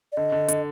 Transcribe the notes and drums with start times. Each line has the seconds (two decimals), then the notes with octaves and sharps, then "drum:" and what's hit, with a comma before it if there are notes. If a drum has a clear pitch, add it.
0.12 D5
0.17 D3 D#5
0.32 D3
0.48 D3, drum: hi-hat